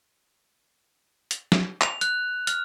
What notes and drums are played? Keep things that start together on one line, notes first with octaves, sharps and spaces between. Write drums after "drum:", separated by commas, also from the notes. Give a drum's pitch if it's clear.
drum: hi-hat
drum: snare
F7, drum: clap
F#6, drum: hi-hat
F6, drum: hi-hat